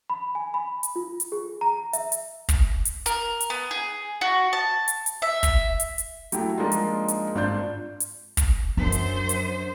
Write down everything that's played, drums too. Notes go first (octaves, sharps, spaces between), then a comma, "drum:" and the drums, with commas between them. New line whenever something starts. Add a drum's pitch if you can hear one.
B5
G#5
B5
drum: hi-hat
F4
drum: hi-hat
G#4
A#5
E5, drum: hi-hat
drum: hi-hat
drum: kick, hi-hat
drum: hi-hat
A#4, drum: hi-hat
drum: hi-hat
B3
G#4
F#4
A5
drum: hi-hat
drum: hi-hat
E5
drum: kick, hi-hat
drum: hi-hat
drum: hi-hat
F#3 A3 E4 G4, drum: hi-hat
F3 G#3 A#3 D4 D#4 F4
drum: hi-hat
drum: hi-hat
G#1 D4 F4 D5 C6 G6
drum: hi-hat
drum: kick, hi-hat
F#2 D4 C5
drum: hi-hat
drum: hi-hat